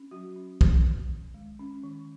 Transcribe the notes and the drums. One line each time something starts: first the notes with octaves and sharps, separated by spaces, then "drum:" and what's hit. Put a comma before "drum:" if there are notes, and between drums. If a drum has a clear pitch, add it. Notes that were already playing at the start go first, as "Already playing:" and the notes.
Already playing: C#4
F#3 F#4
C#4
F#3, drum: kick
D#3
D#3
G#3
C#4
D#3